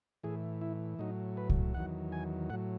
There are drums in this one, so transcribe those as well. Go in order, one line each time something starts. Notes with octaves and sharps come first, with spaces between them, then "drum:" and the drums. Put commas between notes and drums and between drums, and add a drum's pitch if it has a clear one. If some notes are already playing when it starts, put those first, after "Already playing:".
A2 E3 G#4
E4
A2 F#3 D#4
B4
drum: kick C2
E2 D#3 F#3 F#5
G#5
A2 F#3 F#5